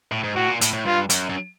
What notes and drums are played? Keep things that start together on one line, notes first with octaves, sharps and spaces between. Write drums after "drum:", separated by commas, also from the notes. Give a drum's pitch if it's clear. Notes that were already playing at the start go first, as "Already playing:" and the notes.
A2
G#2
A2 F#4
A#2
A2, drum: hi-hat
A2
G2 F4
F#2, drum: hi-hat
F#2